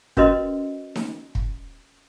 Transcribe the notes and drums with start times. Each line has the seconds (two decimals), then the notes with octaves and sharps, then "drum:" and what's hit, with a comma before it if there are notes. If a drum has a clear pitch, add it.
0.17 C#4 F#4 A#4 B4 D#5 C6, drum: kick
0.96 drum: snare D#4
1.35 drum: kick